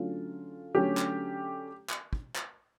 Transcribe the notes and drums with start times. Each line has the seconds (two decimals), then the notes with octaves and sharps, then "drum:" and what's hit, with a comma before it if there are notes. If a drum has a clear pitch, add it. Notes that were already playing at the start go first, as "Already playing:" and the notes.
Already playing: D3 F#3 A3 C#4 F4
0.74 D3 F#3 A3 C#4 G4
0.97 drum: clap
1.90 drum: clap
2.13 drum: kick
2.36 drum: clap